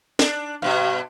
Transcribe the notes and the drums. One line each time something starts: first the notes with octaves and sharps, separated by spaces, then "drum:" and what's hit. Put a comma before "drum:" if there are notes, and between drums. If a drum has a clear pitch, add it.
D4, drum: snare
G2 B2 F5